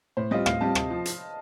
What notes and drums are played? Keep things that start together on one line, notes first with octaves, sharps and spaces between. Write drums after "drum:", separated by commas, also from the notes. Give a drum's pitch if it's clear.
A2 C5
G3 C4 F4 D#5
A2 F5, drum: rim click
G3 C4 F4 A5
C3, drum: rim click
F3
drum: hi-hat